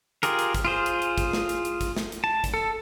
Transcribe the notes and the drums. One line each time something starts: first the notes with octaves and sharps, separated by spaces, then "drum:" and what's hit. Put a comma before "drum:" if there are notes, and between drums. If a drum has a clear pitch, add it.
F4 G4 G#4 A#4, drum: hi-hat
drum: hi-hat
drum: kick, hi-hat
F4 G#4 C5
drum: hi-hat
drum: hi-hat
drum: kick, hi-hat
drum: snare
drum: hi-hat
drum: hi-hat
drum: kick, hi-hat
drum: snare
drum: hi-hat
A5
drum: kick, hi-hat
A4